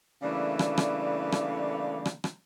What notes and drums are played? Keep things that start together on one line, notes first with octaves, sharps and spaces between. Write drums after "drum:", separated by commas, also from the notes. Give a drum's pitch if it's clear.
C#3 E3 G3 A3 A#3 D4
drum: rim click
drum: rim click
drum: rim click
drum: rim click
drum: rim click